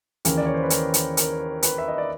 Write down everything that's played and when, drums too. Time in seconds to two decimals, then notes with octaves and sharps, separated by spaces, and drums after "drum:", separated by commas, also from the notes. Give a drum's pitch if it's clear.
0.25 D#2 C#3 E3 A#4, drum: hi-hat
0.38 D5
0.46 C#5
0.54 C5
0.63 B4
0.70 A#4, drum: hi-hat
0.94 drum: hi-hat
1.17 A#4, drum: hi-hat
1.63 B4, drum: hi-hat
1.78 E5
1.88 D#5
1.98 D5